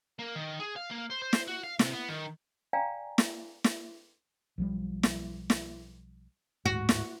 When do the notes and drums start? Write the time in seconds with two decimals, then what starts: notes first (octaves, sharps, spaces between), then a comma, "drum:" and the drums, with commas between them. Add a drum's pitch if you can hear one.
0.19 A#3
0.36 D#3
0.59 G#4
0.76 F5
0.91 A#3
1.10 C5
1.22 C5
1.33 drum: snare
1.47 F#4
1.63 F5
1.79 C3, drum: snare
1.93 B3
2.09 D#3
2.73 D5 F5 G5 G#5 A#5
3.18 drum: snare
3.64 drum: snare
4.58 B1 F3 G3
5.03 drum: snare
5.50 drum: snare
6.65 D1 G1 G#2 F#4
6.89 drum: snare